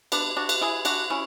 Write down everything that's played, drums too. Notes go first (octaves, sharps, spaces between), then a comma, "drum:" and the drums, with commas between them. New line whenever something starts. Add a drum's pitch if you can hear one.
B3 D4, drum: cymbal
D4 F#4
drum: cymbal
E4 G#4
D4 F#4, drum: cymbal
C#4 E4